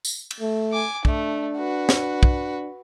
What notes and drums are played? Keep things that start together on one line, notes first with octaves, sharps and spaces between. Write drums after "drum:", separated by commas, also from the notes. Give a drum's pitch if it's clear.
drum: tambourine
drum: cymbal
A3
G#5 D6
A3 D4, drum: kick
F#4 B4
drum: snare
drum: kick